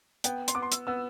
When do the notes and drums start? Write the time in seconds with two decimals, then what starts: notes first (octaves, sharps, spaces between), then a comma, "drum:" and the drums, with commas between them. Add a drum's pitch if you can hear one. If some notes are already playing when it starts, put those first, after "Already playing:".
0.24 B3 G5, drum: hi-hat
0.48 C6, drum: hi-hat
0.55 B3 D6
0.62 C6
0.72 E6, drum: hi-hat
0.87 B3 E6